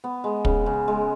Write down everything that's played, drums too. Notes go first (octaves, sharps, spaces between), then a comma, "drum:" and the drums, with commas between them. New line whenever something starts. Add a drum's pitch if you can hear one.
B3
G#3
C#3, drum: kick
C#3
G#3